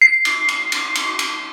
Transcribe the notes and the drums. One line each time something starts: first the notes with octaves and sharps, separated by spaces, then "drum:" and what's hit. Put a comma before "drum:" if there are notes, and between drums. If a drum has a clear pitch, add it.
C7
drum: cymbal
drum: cymbal
drum: cymbal
drum: cymbal
drum: cymbal